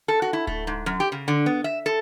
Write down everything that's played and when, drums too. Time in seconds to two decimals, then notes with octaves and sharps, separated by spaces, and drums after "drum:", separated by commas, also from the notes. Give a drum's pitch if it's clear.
0.08 A4
0.22 F#4
0.33 E4
0.47 A3, drum: kick D1
0.67 G#2
0.86 F#2
1.00 G4
1.12 C#3
1.28 D3
1.46 B3
1.64 E5
1.86 A4